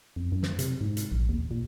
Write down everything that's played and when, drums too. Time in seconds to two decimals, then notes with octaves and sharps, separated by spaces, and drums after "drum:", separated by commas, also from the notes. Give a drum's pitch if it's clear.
0.16 F2
0.32 F#2
0.43 drum: snare
0.59 C3, drum: hi-hat
0.81 G#2
0.97 drum: hi-hat
1.12 A#1
1.29 D#2
1.51 A#2